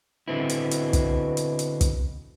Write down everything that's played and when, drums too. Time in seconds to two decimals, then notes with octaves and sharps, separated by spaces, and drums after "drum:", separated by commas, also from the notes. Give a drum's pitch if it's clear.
0.28 B2 D3 C4 E4
0.49 drum: hi-hat
0.71 drum: hi-hat
0.93 drum: kick, hi-hat
1.37 drum: hi-hat
1.59 drum: hi-hat
1.81 drum: kick, hi-hat